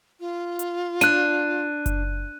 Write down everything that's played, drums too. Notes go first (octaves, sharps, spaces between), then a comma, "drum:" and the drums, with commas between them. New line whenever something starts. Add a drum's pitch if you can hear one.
F4
drum: hi-hat
D4 F#6 D#7, drum: hi-hat
drum: kick F#1, hi-hat